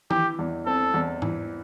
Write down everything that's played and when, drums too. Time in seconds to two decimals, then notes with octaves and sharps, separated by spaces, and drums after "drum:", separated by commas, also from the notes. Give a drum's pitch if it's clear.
0.11 E3 G4, drum: tom D#3
0.39 E2
0.66 C4 A4
0.94 E2
1.22 E3, drum: tom G#2